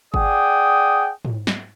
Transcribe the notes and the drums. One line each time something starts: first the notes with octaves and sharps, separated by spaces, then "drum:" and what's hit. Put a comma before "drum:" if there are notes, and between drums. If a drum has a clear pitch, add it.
G#4 D5 F#5 G5 D#6, drum: kick G1
drum: tom G#2
drum: snare